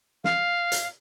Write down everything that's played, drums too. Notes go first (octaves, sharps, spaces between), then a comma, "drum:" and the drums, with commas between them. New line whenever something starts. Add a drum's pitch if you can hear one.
F5, drum: snare
drum: hi-hat